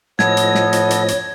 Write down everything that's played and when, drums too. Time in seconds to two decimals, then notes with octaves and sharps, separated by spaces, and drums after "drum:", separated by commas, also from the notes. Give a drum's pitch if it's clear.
0.19 A2 F3 B3 A4 C#5 D#5 G#6, drum: snare
0.37 drum: hi-hat
0.55 drum: snare
0.73 drum: hi-hat
0.90 drum: hi-hat
1.08 drum: hi-hat